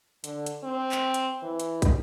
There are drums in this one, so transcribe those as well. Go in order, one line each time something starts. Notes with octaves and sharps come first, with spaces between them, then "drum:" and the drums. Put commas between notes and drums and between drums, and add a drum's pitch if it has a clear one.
D3, drum: hi-hat
drum: hi-hat
C4
drum: clap
drum: hi-hat
E3
drum: hi-hat
drum: kick, hi-hat